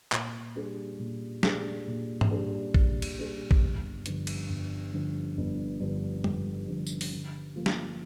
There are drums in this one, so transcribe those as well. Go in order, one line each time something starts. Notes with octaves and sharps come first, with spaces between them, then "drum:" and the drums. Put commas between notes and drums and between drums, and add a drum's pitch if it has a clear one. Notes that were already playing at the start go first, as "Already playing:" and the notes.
A#2, drum: clap
G3 D4 G#4
A#2
G3 D4 G#4, drum: snare
A#2
drum: tom G#2
G3 D4 G#4
A#2, drum: kick A#1
drum: cymbal
G3 D4 G#4
drum: kick A#1
G1
G2 D3 F3, drum: hi-hat
drum: cymbal
G1
G2 D3 F3
G1
G2 D3 F3
G1, drum: tom
G2 D3 F3
drum: tambourine
drum: open hi-hat
D3
F3 A#3 F4
drum: snare